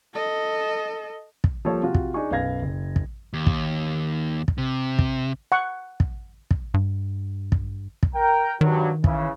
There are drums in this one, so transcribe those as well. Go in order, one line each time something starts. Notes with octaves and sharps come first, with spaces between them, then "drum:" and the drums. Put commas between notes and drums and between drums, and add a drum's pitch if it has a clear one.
A4 D#5
drum: kick
F3 G3 A#3 A4 C#5
C3 F4 F#4
drum: kick
D4 D#4 G#4 G#5 C#6
B1 F#2 B4 F5 G#6 A#6
F#1
drum: kick
D#2
drum: kick
drum: kick
C3
drum: kick
F#5 C#6
drum: kick
drum: kick
G2
drum: kick
drum: kick
A#4 G5 A#5
G2 D#3 F#3
C#3 E3, drum: kick